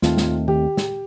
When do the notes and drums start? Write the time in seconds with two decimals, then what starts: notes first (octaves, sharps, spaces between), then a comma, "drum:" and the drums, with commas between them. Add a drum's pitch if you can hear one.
0.02 D#2 D#3 A3 C4 F4, drum: snare
0.18 drum: snare
0.48 G4, drum: tom D#3
0.77 drum: snare